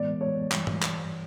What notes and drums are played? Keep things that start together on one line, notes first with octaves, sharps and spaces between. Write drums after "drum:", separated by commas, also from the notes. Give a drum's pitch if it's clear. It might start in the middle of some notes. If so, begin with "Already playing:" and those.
Already playing: A2 E3 G#3 B3 D5
C#5
G2 E3 G3, drum: clap
drum: tom G2
drum: clap